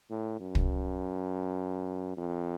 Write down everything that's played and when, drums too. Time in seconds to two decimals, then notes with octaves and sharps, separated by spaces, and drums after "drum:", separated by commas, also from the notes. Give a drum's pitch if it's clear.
0.10 A2
0.40 F#2
0.55 drum: kick
2.17 F2